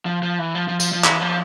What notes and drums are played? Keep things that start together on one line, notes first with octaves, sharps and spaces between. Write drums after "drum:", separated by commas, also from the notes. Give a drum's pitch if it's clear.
F3
F3
E3
F3
F3
F3, drum: tambourine
F3
E3, drum: clap
F3